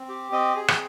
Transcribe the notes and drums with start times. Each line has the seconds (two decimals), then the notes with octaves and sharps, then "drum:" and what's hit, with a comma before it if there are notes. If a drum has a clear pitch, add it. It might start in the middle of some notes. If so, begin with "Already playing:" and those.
Already playing: C4
0.09 G4
0.32 C4 D#5
0.56 G#4
0.68 drum: rim click